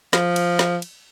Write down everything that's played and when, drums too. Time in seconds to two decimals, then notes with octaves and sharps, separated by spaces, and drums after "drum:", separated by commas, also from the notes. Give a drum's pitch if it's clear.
0.13 F3, drum: snare
0.36 drum: cymbal
0.59 drum: snare
0.82 drum: cymbal